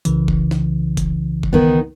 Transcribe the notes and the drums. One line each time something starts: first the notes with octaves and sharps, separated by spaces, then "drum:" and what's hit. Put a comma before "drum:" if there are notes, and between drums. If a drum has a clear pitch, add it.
C2 C#3 E3, drum: hi-hat
drum: kick F1
drum: snare
drum: kick F1, hi-hat
drum: kick F1
D#3 B3